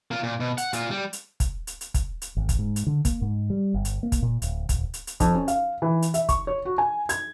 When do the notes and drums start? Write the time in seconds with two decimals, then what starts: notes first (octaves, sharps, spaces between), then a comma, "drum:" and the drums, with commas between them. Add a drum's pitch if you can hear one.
0.11 A#3 F4
0.23 A#2
0.40 B2
0.58 F#5, drum: hi-hat
0.73 A#2 F4, drum: hi-hat
0.91 G3
1.13 drum: hi-hat
1.40 drum: kick, hi-hat
1.67 drum: hi-hat
1.81 drum: hi-hat
1.94 drum: kick, hi-hat
2.22 drum: hi-hat
2.37 G#1
2.49 drum: kick, hi-hat
2.59 G#2
2.76 drum: hi-hat
2.87 D3
3.05 A#3, drum: kick, hi-hat
3.22 G#2
3.50 G3
3.74 G1
3.85 drum: hi-hat
4.03 A#3
4.12 drum: kick, hi-hat
4.22 A#2
4.42 D1, drum: hi-hat
4.69 D#1, drum: kick, hi-hat
4.94 drum: hi-hat
5.07 drum: hi-hat
5.20 F2, drum: kick, hi-hat
5.34 C#4
5.48 F5, drum: hi-hat
5.82 E3
6.02 drum: hi-hat
6.14 E5, drum: hi-hat
6.29 C#6, drum: kick, hi-hat
6.47 C#5
6.65 F#4
6.78 G#5
7.09 G#6, drum: hi-hat